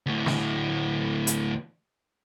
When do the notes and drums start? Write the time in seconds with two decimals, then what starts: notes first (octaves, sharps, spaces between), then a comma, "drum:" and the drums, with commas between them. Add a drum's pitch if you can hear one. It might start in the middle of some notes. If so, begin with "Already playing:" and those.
0.06 D2 A2
0.26 drum: snare
1.27 drum: hi-hat